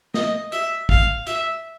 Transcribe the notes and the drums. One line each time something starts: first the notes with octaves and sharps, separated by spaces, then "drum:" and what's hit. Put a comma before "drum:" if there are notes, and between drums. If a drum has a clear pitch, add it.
D#5, drum: snare
E5, drum: hi-hat
F5, drum: kick
E5, drum: hi-hat